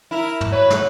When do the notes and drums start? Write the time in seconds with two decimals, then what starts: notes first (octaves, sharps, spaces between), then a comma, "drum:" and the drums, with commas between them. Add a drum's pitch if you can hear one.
0.11 E4 A#4
0.41 drum: tom
0.52 F#4 B4 C#5
0.70 drum: snare